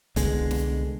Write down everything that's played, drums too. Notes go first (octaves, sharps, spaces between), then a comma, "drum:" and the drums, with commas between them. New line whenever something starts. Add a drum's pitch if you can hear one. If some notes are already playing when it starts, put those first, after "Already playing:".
C2 B2 D3 G#3, drum: kick, hi-hat
drum: snare